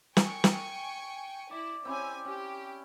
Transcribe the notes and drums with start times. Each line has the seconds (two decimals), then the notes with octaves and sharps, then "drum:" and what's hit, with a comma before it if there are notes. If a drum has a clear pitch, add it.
0.17 G5 G#5 C#6, drum: snare
0.44 drum: snare
1.51 E4 D5
1.85 C4 C#4 E4 G4 G#5
2.25 C#4 G4